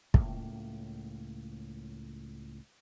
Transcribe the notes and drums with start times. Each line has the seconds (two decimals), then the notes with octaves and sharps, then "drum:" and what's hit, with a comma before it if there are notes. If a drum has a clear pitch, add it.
0.14 C#2 A2 A#3, drum: kick